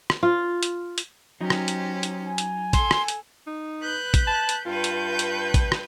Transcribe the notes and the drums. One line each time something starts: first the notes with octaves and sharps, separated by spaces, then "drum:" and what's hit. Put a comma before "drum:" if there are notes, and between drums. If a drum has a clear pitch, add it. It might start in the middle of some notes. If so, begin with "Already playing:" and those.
drum: rim click
F4
drum: hi-hat
drum: hi-hat
F#3 C#4 D#4 G4 C5
drum: rim click
drum: hi-hat
drum: hi-hat
G#5
drum: hi-hat
A4 C6, drum: kick A1, hi-hat
drum: rim click
drum: hi-hat
D#4
B4 F#6 G6
drum: kick A1, hi-hat
A5
drum: hi-hat
G2 F4 B4 G6
drum: hi-hat
drum: hi-hat
drum: kick A1, hi-hat
drum: rim click